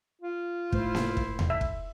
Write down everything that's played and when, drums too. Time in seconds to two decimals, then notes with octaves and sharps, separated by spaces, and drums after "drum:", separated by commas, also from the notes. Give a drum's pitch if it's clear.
0.21 F4
0.72 G#2 A3 E4 C5, drum: kick
0.95 drum: snare A#3
1.17 drum: kick
1.39 drum: tom D#2
1.50 E5
1.61 drum: kick